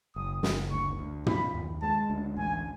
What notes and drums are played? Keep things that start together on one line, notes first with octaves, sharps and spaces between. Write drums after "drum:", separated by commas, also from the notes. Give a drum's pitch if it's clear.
F#1 D#6
F#1, drum: snare
D2 C#6
D2
F3 B5, drum: tom
D#2
G#3 A5
D2
A1 G#5